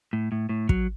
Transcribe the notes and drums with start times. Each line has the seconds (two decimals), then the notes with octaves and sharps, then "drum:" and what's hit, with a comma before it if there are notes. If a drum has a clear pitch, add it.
0.13 A2
0.32 A2
0.49 A2
0.69 F#3, drum: kick